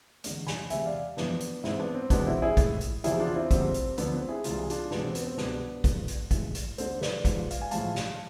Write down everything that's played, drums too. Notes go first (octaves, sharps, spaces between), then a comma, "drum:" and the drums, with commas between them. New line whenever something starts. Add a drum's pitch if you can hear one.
E2 D3 G#3, drum: hi-hat
G#5 B5, drum: snare
E2 C3 G#3 E5 G#5, drum: hi-hat
D5 F5
F2 E3 G#3 B3 D4, drum: snare
drum: hi-hat
G#2 E3 G#3 C4 E4, drum: snare
B3 D4
C4
E2 B2 G#3 B3 D4, drum: kick, hi-hat
C4 E4
E4 G#4
A2 G#3, drum: kick, hi-hat
drum: hi-hat
E2 C3 F3 E4 G#4, drum: hi-hat
D4 F4
C4 E4
D2 C3 F3 G#3 C4, drum: kick, hi-hat
drum: hi-hat
D2 D3 F3 B3, drum: hi-hat
C4
E4 G#4
C2 C3 E3 G#3 F4, drum: hi-hat
G#4
D4 F4, drum: hi-hat
E2 B2 G#3 B3 D4, drum: snare
C4
B3, drum: hi-hat
C4
C2 B2 G#3 B3 D4, drum: snare
G#2 F3 G#3, drum: kick, hi-hat
drum: hi-hat
A2 E3 G#3, drum: kick, hi-hat
drum: hi-hat
D2 D3 G#3 A4 C5, drum: hi-hat
B4 D5, drum: snare
G#2 F3 G#3, drum: kick, hi-hat
F5, drum: hi-hat
G#5
A2 F3 G#3 F5 A5, drum: hi-hat
drum: snare